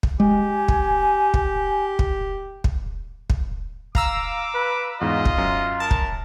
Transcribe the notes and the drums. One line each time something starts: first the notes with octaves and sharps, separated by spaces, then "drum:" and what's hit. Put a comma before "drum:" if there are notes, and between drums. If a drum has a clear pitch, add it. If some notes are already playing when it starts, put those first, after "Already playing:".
drum: kick
G#3 G4 G#5
drum: kick
drum: kick
drum: kick
drum: kick
drum: kick
F5 A#5 D6 E6, drum: kick
B4
E2 G#2 F4 D#5
drum: kick
F#2
A#4 A5
drum: kick